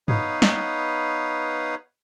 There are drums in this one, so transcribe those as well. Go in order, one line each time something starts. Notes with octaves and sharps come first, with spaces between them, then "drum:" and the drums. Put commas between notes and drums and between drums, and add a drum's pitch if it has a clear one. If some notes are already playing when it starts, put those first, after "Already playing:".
B3 D#4 B4 C#5 F5 D#6, drum: tom G2
drum: snare